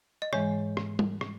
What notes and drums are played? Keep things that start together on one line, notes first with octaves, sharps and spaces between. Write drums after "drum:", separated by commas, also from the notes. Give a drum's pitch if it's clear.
D#5
G#2 E3 G#3 C#5, drum: rim click
drum: rim click
drum: tom G3
drum: rim click